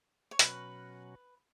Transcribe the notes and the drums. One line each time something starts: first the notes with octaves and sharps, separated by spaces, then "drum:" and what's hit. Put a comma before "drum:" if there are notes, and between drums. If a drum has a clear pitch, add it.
C#5
B2 F#3 C#4 F#4 B4, drum: hi-hat